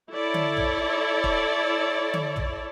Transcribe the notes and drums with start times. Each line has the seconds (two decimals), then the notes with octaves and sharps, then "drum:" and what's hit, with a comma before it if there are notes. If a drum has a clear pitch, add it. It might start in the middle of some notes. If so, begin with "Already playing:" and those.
0.12 E4 A4 C#5 D5
0.34 drum: tom
0.57 drum: tom
1.24 drum: kick
2.14 drum: tom
2.36 drum: tom